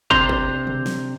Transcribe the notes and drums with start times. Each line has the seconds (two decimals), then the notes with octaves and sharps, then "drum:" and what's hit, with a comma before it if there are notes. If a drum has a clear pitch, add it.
0.11 C3 D4 C5 A#5 C6, drum: kick
0.29 drum: kick
0.67 drum: tom C3
0.86 drum: snare